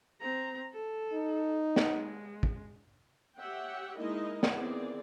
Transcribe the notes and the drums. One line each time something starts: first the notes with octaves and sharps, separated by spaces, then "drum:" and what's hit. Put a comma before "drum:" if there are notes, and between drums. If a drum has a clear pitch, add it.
C4 A#5
A4
D#4
drum: snare
G#3
drum: kick
G4 C#5 E5 F#5 G5
G#3 A#3 D#4 E4 A#4 D#5
drum: snare
D#3 E3 B3 C4 G#4 D5